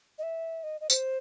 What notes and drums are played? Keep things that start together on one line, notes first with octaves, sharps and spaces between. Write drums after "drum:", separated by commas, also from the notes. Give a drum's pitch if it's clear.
D#5
E5
D#5
D#5
C5, drum: tambourine